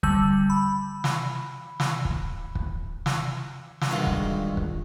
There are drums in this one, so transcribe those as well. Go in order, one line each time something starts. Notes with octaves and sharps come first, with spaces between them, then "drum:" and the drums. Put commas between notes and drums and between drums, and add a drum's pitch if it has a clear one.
D3 G3 E6, drum: kick
B5
drum: snare
drum: snare
drum: kick
drum: kick
drum: snare
drum: snare
G2 D#3 E3 G#3 F4 F#4
drum: kick
drum: kick